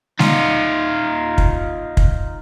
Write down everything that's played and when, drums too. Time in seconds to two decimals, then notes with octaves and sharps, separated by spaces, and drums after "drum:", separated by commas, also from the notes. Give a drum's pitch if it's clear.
0.19 D#4 F4, drum: snare G#3
1.38 drum: kick
1.97 drum: kick